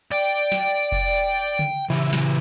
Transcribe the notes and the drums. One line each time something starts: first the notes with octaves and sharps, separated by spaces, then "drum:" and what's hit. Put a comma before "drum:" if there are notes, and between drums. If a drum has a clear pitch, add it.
D5 G5
drum: snare
drum: kick F1
drum: tom C#3
C#3 E3 G4
drum: snare